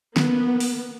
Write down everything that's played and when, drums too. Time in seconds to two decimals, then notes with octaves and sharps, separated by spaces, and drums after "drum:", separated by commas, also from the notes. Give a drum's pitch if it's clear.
0.17 A#3 B3, drum: snare
0.60 drum: open hi-hat